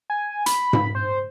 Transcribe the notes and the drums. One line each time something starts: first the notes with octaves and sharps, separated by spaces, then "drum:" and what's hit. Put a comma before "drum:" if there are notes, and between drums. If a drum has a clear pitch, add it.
G#5
B5, drum: hi-hat
drum: tom G#2
C5